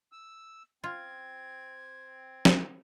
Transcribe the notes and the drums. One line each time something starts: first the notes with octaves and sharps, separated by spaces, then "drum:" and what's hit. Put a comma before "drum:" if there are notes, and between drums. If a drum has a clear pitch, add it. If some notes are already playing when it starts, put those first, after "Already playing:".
E6
C4 F4 G#6
drum: snare